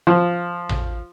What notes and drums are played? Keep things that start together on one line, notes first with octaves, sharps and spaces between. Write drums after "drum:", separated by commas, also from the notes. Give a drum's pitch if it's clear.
F3
drum: tom A1